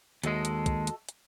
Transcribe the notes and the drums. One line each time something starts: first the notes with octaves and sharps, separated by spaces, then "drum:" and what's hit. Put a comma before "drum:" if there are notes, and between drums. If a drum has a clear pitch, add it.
D#2 G#3 F#4 A4 D#5, drum: hi-hat
drum: hi-hat
drum: kick, hi-hat
drum: hi-hat
drum: hi-hat